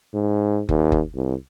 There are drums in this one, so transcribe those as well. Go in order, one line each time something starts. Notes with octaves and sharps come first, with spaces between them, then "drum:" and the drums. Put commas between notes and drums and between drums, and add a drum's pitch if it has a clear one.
G#2
D#2, drum: kick F#1
drum: kick F#1
C2